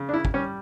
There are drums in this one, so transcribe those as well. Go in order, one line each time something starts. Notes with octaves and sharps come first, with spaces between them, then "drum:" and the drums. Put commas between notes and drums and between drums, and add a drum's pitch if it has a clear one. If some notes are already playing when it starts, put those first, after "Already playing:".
Already playing: C#3
D4
E4
drum: kick
G3 C#4